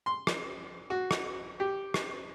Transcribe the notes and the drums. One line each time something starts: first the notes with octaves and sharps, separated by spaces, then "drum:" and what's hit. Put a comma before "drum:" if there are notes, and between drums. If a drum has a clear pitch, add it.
C6
drum: rim click
F#4
drum: rim click
G4
drum: rim click